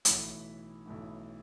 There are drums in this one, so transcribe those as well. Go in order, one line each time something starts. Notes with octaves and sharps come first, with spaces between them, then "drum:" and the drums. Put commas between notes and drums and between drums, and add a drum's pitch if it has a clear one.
B1 A2 E3 B5, drum: hi-hat
B1 A2 E3